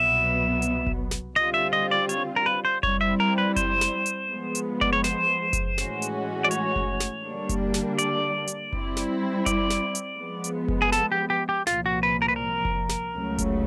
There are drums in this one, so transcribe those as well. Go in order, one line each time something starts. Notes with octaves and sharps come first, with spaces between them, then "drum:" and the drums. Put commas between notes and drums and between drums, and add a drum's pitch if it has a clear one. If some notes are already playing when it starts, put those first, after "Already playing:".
Already playing: C2 B2 F#3 B3 E5
drum: hi-hat
drum: kick F#1
drum: snare
D3 G3 C4 F4 D#5
E5
D#5
D5
C#5, drum: hi-hat
A#4
B4
C5
G3 C4 E4 C#5, drum: kick F#1
E5
A#4
B4
C5, drum: kick F#1, hi-hat
drum: snare
drum: hi-hat
F3 G#3 B3
drum: hi-hat
D5, drum: kick F#1
C#5
C5, drum: snare
drum: kick F#1, hi-hat
A2 E3 G#3 C#4 F#4, drum: snare
drum: hi-hat
D5
C#5, drum: hi-hat
drum: kick F#1
drum: snare
D3 G3 A#3 D4
drum: kick F#1, hi-hat
drum: snare
D5, drum: hi-hat
drum: hi-hat
G3 C4 E4, drum: kick F#1
drum: snare
D5, drum: kick F#1, hi-hat
drum: snare
drum: hi-hat
F3 G#3 B3
drum: hi-hat
drum: kick F#1
G#4
A4, drum: snare
G4
G4
G4
C2 A#2 F3 F4, drum: snare
F#4
B4
A#4
B4
A#4
drum: kick F#1
drum: snare
C#2 C#3 F#3 A3
drum: kick F#1, hi-hat